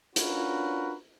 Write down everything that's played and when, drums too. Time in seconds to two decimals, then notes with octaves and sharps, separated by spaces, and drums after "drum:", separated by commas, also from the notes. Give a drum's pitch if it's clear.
0.16 C#4 D4 F4 F#4 A#4 B4, drum: hi-hat